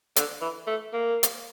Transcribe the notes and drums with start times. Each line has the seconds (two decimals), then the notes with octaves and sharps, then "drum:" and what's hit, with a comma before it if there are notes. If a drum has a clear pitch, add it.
0.16 D3, drum: hi-hat
0.41 E3
0.67 A3
0.93 A#3
1.23 drum: hi-hat